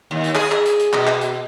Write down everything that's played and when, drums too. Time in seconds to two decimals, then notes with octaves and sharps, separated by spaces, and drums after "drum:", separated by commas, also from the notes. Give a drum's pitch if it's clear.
0.11 D#2
0.24 drum: hi-hat
0.35 G#4, drum: clap
0.52 drum: clap
0.65 drum: hi-hat
0.79 drum: hi-hat
0.93 B2, drum: clap
1.07 drum: clap
1.21 drum: hi-hat